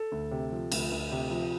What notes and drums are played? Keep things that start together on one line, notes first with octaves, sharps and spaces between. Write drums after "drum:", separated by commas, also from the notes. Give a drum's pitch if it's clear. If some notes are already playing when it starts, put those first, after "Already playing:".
Already playing: A4
D2
C3
F3
D2, drum: cymbal
D2
C3
F3